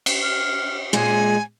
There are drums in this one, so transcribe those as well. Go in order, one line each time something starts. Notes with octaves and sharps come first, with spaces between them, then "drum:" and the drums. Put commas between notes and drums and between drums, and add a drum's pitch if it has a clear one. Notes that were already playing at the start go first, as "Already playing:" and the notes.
drum: cymbal
F6
A#2 G#3 G#5